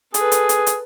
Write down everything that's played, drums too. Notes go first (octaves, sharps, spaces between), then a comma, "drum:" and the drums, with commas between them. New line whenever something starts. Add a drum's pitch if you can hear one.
G#4 A4 B4, drum: hi-hat
drum: hi-hat
drum: hi-hat
drum: hi-hat